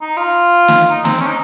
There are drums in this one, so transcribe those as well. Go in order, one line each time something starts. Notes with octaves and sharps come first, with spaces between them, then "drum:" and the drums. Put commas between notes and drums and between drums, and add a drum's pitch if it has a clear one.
D#4
F4
drum: snare
D#4
C4, drum: snare
C#4
D#4